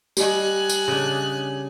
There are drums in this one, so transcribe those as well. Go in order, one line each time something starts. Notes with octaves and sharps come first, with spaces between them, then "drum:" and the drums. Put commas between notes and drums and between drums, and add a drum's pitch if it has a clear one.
G3 D#5 G#5 F#6, drum: tambourine
drum: tambourine
C#3 D4